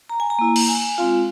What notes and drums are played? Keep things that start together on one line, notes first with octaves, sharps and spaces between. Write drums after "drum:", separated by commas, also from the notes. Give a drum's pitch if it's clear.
A#5
G#5
A#5
A#3 E4
drum: cymbal
G#5
G#3 C4 F4 F5